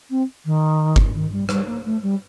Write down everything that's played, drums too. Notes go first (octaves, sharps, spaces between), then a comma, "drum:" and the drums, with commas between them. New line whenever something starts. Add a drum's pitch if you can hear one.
C4
D#3
drum: kick G1
D#3
G3
G3, drum: rim click
A#3
A3
G3